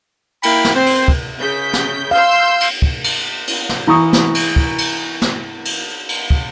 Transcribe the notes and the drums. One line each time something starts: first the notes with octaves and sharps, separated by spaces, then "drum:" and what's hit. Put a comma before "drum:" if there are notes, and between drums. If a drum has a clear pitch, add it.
A#3 E4 G5 B5, drum: cymbal
drum: snare
C4 C5
drum: cymbal
drum: kick
C#3 G6 B6
drum: snare
F5 C6 E6 G6
drum: cymbal
drum: kick
drum: cymbal
drum: cymbal
drum: snare
E3 A#5 C#6 D#6
drum: snare
drum: cymbal
drum: kick
drum: cymbal
drum: snare
drum: cymbal
drum: cymbal
drum: kick